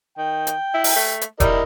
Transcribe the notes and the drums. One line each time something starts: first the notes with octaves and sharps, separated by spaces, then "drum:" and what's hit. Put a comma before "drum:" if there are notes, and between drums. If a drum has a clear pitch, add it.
D#3 G5
drum: hi-hat
E4
drum: open hi-hat
A3
drum: hi-hat
G3 E4 A#4 D#5, drum: kick E1, hi-hat